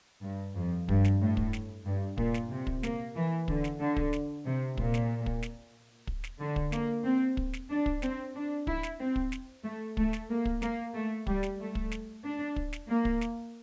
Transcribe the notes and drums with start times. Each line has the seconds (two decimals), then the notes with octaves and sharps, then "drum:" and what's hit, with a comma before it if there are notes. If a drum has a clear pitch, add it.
0.23 G2
0.56 F2
0.89 G2, drum: kick
1.04 drum: snare
1.21 A2
1.37 drum: kick
1.53 drum: snare
1.85 G2
2.18 A#2, drum: kick
2.34 drum: snare
2.50 C3
2.67 drum: kick
2.83 A#3, drum: snare
3.15 E3
3.48 D3, drum: kick
3.64 drum: snare
3.80 D3
3.96 drum: kick
4.13 drum: snare
4.45 C3
4.77 A#2, drum: kick
4.94 drum: snare
5.26 drum: kick
5.42 drum: snare
6.07 drum: kick
6.24 drum: snare
6.40 D3
6.56 drum: kick
6.72 A#3, drum: snare
7.05 C4
7.37 drum: kick
7.53 drum: snare
7.70 D4
7.86 drum: kick
8.02 C4, drum: snare
8.35 D4
8.67 E4, drum: kick
8.83 drum: snare
9.00 C4
9.16 drum: kick
9.32 drum: snare
9.64 A3
9.97 A3, drum: kick
10.13 drum: snare
10.29 A#3
10.45 drum: kick
10.62 A#3, drum: snare
10.94 A3
11.27 G3, drum: kick
11.43 drum: snare
11.59 A3
11.75 drum: kick
11.91 drum: snare
12.24 D4
12.56 drum: kick
12.73 drum: snare
12.88 A#3
13.05 drum: kick
13.21 drum: snare